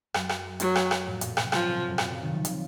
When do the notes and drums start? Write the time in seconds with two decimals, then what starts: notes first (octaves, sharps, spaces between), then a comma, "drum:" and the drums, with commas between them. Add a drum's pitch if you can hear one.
0.14 F#2, drum: rim click
0.29 drum: rim click
0.60 F#3, drum: hi-hat
0.75 drum: rim click
0.91 drum: rim click
1.06 F2 A2
1.21 F#2 A#2, drum: hi-hat
1.37 A2 C3, drum: rim click
1.52 A#2 C#3 F3, drum: rim click
1.64 A2 C3
1.75 A2 C3
1.87 F#2 A#2
1.98 F#2 A#2, drum: rim click
2.10 A#2 C#3
2.22 C3 D#3
2.33 C#3 F3
2.45 drum: hi-hat